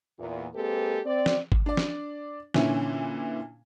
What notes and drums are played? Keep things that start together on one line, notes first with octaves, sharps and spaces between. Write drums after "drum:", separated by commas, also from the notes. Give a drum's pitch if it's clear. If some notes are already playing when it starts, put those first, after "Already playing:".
E2 A#2
G#3 A#3 C4 G4 A4 B4
C4 D5
drum: snare
drum: kick G1
D4 D5
drum: snare
A#2 D3 E3 C#4 E4, drum: snare